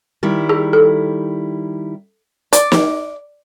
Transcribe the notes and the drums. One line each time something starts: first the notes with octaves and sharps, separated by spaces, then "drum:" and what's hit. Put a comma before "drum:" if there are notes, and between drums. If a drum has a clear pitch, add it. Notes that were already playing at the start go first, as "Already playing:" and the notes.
D#3 G3 E4
G#4
A4
D5, drum: hi-hat
drum: snare